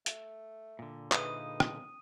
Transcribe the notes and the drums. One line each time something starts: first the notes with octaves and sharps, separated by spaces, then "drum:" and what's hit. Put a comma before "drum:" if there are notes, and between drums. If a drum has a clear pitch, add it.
A3, drum: hi-hat
A#2 D3
D#4 G#4 B4 F5 D#6 D#7, drum: clap
drum: rim click